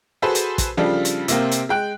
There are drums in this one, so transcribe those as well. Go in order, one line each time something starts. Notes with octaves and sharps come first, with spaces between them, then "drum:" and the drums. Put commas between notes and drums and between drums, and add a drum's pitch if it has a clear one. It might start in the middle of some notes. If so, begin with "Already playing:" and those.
F#4 G#4 A4 B4 C5
drum: hi-hat
drum: kick, hi-hat
C#3 F3 G3 D4 F4 A4
drum: hi-hat
C3 A#3 C4, drum: hi-hat
drum: hi-hat
G#3 G5 F#6